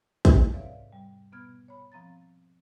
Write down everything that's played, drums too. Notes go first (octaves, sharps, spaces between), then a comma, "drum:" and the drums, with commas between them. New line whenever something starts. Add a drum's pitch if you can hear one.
E2 G#2 C3 C4 G#4 C6, drum: kick, hi-hat
A4 B4 C#5 D5 E5 F5
G3
B2 B3 F6 G#6
C#5 B5
F3 C4 A#5 A6